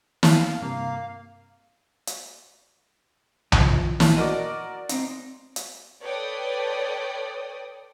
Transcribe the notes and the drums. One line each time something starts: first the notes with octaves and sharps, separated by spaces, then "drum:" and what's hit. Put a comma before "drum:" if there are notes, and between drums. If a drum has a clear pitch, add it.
F5, drum: snare
G2 C3 A#3
drum: hi-hat
D#3 F3, drum: tom B1
A#2, drum: snare
F#4 A#4 D5 D#5
C4 D#4, drum: hi-hat
drum: hi-hat
A4 B4 C#5 D5 G5 D#6